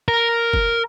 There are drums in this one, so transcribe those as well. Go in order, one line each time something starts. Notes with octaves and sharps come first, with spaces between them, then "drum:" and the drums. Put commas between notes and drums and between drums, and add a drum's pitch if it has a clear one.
A#4
drum: kick